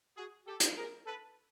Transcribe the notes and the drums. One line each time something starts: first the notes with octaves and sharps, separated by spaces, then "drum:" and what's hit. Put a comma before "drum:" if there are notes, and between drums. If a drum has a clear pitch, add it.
F#4 G#4
G4 A4
drum: hi-hat
G#4 A#4
A4 B4